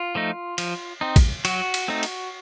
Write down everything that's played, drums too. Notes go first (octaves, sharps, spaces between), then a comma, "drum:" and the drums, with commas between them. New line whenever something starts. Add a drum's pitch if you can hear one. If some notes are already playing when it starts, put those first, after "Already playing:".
Already playing: F4
F3 A3 D#4
F3, drum: cymbal
C4 D#4
drum: kick, cymbal
F#3 F#4, drum: cymbal
drum: cymbal
A3 C4 D#4
drum: cymbal